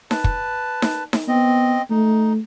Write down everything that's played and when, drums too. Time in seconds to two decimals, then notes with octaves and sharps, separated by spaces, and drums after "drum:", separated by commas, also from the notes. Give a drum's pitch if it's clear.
0.11 B4 A5, drum: snare D#4
0.24 drum: kick
0.82 drum: snare D#4
1.13 drum: snare D#4
1.28 B3 C4 D#5
1.90 A3 D#4